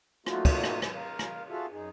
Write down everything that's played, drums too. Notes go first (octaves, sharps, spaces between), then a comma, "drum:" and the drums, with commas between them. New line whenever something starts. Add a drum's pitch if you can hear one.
F#3 A3 A#3 D#4 F4 F#4, drum: rim click
drum: kick, cymbal
drum: rim click
drum: rim click
A#4 F5
drum: rim click
F4 F#4 G#4 A4 E5 F5
F#2 D#4 G#4